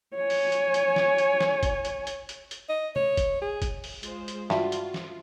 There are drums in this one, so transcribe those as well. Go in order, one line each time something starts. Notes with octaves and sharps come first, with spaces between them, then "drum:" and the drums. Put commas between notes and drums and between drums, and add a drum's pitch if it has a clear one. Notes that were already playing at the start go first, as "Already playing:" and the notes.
C#5 G#5
drum: open hi-hat
drum: hi-hat
drum: hi-hat
drum: snare
drum: hi-hat
drum: snare
drum: kick, hi-hat
drum: hi-hat
drum: hi-hat
drum: hi-hat
drum: hi-hat
D#5
C#5, drum: tom
drum: kick, hi-hat
G#4
drum: kick, hi-hat
drum: open hi-hat
G#3 F4 C5, drum: hi-hat
drum: hi-hat
G2 F4 F#4 E5, drum: snare
drum: hi-hat
drum: snare